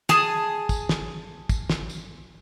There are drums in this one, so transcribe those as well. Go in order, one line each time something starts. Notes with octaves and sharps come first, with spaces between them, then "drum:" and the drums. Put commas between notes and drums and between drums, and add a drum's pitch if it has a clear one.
G#4 A5 D#6, drum: snare
drum: kick, tambourine
drum: snare
drum: kick, tambourine
drum: snare
drum: tambourine